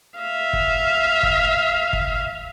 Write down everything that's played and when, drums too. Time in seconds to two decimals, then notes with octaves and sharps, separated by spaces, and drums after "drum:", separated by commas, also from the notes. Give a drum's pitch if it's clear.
0.18 E5 F5
0.53 drum: kick G1
1.23 drum: kick G1
1.93 drum: kick G1